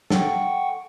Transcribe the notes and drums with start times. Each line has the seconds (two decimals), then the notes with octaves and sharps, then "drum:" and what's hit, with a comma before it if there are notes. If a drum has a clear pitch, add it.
0.10 A4 F#5 G5 C#6, drum: snare